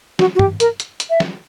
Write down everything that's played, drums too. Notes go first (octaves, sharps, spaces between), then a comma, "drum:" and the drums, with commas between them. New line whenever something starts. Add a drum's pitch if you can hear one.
F#4, drum: snare
F#4
G4, drum: tom
A#4, drum: hi-hat
drum: hi-hat
drum: hi-hat
E5
drum: snare